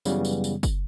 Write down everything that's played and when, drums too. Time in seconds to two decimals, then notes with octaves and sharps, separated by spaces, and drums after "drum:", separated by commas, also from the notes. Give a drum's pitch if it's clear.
0.05 F#2 C#3 E3 F#3 G3 B3, drum: tambourine
0.25 drum: tambourine
0.44 drum: tambourine
0.63 drum: kick F#1, tambourine